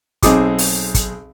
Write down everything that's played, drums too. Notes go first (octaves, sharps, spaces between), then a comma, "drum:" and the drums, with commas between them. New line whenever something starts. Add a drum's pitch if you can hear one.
B1 C4 D#4 G#4 D6, drum: kick, hi-hat
drum: open hi-hat
drum: kick, hi-hat